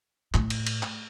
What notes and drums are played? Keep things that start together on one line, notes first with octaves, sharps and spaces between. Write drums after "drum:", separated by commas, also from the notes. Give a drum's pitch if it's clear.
A2, drum: clap
drum: cymbal
drum: cymbal
drum: clap